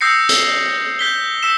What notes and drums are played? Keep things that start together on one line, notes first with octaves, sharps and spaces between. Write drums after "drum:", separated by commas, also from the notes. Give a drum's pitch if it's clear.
D#6 E6 G6 A#6 C7 C#7
drum: hi-hat
G6 B6 G7
E6 B6 E7